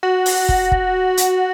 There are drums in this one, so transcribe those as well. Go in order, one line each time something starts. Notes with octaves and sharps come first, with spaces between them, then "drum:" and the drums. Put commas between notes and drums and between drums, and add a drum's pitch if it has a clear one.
F#4
drum: open hi-hat
drum: kick
drum: kick
drum: hi-hat